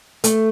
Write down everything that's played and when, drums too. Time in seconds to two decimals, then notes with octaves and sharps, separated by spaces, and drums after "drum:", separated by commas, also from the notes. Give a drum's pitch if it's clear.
0.24 A3, drum: hi-hat